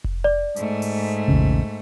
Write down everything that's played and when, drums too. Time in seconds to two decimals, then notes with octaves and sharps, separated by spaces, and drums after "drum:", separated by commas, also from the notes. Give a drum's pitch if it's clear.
0.04 drum: kick F1
0.24 D5
0.56 G#2 A3, drum: hi-hat
0.82 drum: open hi-hat
1.28 A#1 E2 C#3